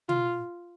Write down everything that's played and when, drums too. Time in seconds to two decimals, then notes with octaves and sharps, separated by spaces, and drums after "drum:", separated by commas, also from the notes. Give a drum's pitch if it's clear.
0.09 F4, drum: tom B2